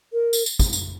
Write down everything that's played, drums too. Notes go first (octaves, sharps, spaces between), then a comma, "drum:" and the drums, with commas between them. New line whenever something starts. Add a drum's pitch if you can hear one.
A#4
drum: tambourine
drum: tambourine
drum: kick, tambourine
drum: tambourine